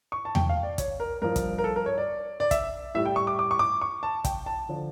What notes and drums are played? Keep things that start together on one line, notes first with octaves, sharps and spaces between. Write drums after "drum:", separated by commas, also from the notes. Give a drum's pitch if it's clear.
C#6
A5
G5, drum: tom E2
F5
D5
C#5, drum: kick, hi-hat
A#4
G2 F3 A#4
drum: kick, hi-hat
A#4
A4
A#4
C#5
D5
D5
E5, drum: kick, hi-hat
A2 G3 E5
G5
C#6
D6
D6
C#6
D6
C#6
A5
G5, drum: kick, hi-hat
A5
D3 F3